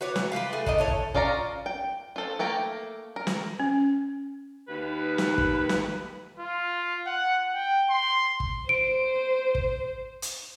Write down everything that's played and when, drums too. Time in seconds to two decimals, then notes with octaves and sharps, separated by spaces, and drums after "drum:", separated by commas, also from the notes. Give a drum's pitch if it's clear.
0.01 F#4 B4 C#5 D5
0.16 E3, drum: snare
0.32 F4 G4 A#4 B4
0.53 A3 G#4
0.66 D3 D#3 D#5, drum: kick
0.78 E4 A4 C#5
0.88 drum: kick
1.14 C#4 F4 D5 F5 A#5, drum: kick
1.66 G5
2.16 F4 A4 C5
2.39 A3 A#3 G5 A#5
3.16 A#4
3.27 drum: snare
3.60 C#4
4.68 D#2 B4
5.18 drum: snare
5.38 drum: kick
5.69 drum: snare
6.40 F4
7.07 F#5
7.55 G5
7.90 C6
8.40 drum: kick
8.69 C5 D7
9.55 drum: kick
10.22 drum: hi-hat